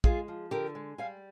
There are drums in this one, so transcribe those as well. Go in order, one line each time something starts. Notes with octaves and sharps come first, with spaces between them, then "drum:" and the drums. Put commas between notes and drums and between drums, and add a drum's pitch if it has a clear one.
G#3 F4 G#4, drum: kick
F3
D3 G4 A#4
G#3
G3 F5 G#5